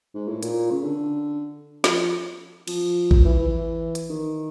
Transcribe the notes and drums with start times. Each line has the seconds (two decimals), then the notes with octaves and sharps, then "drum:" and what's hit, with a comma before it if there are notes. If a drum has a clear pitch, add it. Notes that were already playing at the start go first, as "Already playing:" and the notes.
0.15 G#2
0.28 A2
0.43 A#2, drum: hi-hat
0.71 C#3
0.84 D3
1.84 F3, drum: snare
2.67 F3, drum: cymbal
3.11 drum: kick A1
3.25 E3
3.39 E3
3.95 drum: hi-hat
4.10 D#3